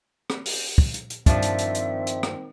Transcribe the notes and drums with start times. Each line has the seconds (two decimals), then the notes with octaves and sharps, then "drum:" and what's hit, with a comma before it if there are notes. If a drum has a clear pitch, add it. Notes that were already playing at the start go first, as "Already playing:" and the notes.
0.30 drum: rim click
0.46 drum: open hi-hat
0.78 drum: kick
0.94 drum: hi-hat
1.10 drum: hi-hat
1.26 G2 D#3 F3 C4 D4 E5, drum: kick, hi-hat
1.43 drum: hi-hat
1.59 drum: hi-hat
1.75 drum: hi-hat
2.07 drum: hi-hat
2.23 drum: rim click